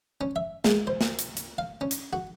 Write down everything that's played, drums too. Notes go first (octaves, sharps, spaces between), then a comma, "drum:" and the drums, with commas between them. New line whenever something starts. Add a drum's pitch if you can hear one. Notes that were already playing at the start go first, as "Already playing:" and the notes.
C#4
E5
G#3, drum: snare
C5
drum: snare
drum: hi-hat
drum: hi-hat
F5
C#4
drum: hi-hat
F#4